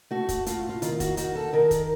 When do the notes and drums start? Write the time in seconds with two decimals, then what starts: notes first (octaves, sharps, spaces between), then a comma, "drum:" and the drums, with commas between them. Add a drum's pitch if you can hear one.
0.11 A3 F#4
0.29 drum: kick, hi-hat
0.46 A2 F4, drum: hi-hat
0.69 F4
0.82 D#3 F4, drum: hi-hat
0.92 F4
1.00 F#4, drum: kick, hi-hat
1.17 D#3 F#4, drum: hi-hat
1.35 A4
1.53 D#3 A#4
1.71 drum: kick, hi-hat